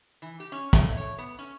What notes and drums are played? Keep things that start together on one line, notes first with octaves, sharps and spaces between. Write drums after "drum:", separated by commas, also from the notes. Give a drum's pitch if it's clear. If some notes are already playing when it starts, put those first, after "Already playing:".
E3
G4
C#4
A3, drum: kick, hi-hat
C#5
B3
C#4